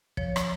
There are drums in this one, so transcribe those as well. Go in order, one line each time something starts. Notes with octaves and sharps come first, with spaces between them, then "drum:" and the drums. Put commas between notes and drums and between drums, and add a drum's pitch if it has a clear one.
F3 C#5, drum: kick
drum: rim click